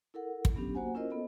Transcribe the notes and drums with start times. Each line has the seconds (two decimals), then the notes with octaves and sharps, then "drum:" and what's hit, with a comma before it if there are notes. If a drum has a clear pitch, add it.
0.14 E4 A4 A#4 F#5
0.45 drum: kick
0.55 F#3 B3 C#4 D4 G4
0.75 A#3 F#4 C5 F#5 G#5
0.95 C#4 E4 F4 A#4 C5 D#5
1.10 B3 A4 D#5